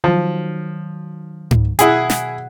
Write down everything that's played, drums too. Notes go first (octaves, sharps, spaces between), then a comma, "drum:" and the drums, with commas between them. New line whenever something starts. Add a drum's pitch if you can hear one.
D#3 F3 F#3
drum: tom G#2
B2 E4 G#4 F#5, drum: hi-hat
drum: snare